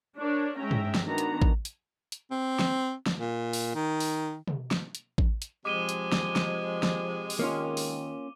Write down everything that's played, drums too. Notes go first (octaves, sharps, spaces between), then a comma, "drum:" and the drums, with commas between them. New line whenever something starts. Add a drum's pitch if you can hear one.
D4 A#4 C#5 D5
G#3 C#4 E5 G5 A#5
drum: tom
drum: snare
D#3 B3 D4 F#4 A#5
drum: hi-hat
drum: kick A1
drum: hi-hat
drum: hi-hat
C4
drum: snare
drum: snare
A#2
drum: open hi-hat
D#3
drum: open hi-hat
drum: tom
drum: snare
drum: hi-hat
drum: kick A1
drum: hi-hat
C3 F3 G#3 D6 D#7 G7
drum: hi-hat
drum: snare
drum: snare
drum: snare
drum: open hi-hat
D#3 A#3 C#4 F4
drum: open hi-hat